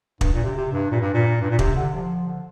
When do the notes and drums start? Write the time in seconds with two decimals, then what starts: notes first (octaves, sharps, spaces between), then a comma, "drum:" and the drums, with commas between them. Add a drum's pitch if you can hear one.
0.21 G2, drum: kick
0.34 A#2
0.44 C3
0.56 C3
0.73 G2
0.91 A#2
1.01 G2
1.14 A#2
1.41 G2
1.50 A#2
1.59 C3, drum: kick
1.76 D3
1.94 F3
2.27 D3